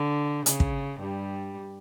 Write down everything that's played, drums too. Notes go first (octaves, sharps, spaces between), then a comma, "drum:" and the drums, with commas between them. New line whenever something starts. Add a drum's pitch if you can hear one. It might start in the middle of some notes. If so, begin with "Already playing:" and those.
Already playing: D3
C#3, drum: hi-hat
drum: kick
G2 G3